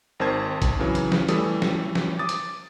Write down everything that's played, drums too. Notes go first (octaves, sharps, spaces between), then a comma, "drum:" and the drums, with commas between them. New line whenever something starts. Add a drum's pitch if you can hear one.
G#1 D#3 C4 C5 A5 G#6
drum: kick, hi-hat
C#3 E3 F#3
drum: hi-hat
drum: snare
E3 G3 A3 A4 D#6, drum: hi-hat
drum: snare
drum: snare
D6 D#6 A6
drum: hi-hat